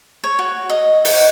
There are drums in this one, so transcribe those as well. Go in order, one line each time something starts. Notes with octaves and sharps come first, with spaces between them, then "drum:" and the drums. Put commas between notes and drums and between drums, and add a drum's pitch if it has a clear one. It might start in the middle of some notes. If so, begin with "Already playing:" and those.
C#5
F#4
D#5
D#4 F#5, drum: open hi-hat